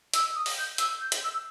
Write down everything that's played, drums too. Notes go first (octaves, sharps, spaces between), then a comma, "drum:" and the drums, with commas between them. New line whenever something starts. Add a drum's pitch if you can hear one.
E6, drum: hi-hat
D#6
drum: open hi-hat
G6
E6, drum: hi-hat
G6
drum: hi-hat
E6